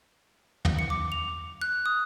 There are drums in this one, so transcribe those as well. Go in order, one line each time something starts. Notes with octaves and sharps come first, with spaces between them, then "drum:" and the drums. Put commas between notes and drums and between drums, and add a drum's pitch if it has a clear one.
drum: tom
C#7
D6
F7
F#6
D#6